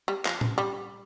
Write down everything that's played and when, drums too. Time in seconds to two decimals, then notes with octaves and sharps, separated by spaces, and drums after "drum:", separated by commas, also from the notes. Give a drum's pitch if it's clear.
0.08 G3
0.25 F3, drum: clap
0.41 drum: tom A2
0.58 G3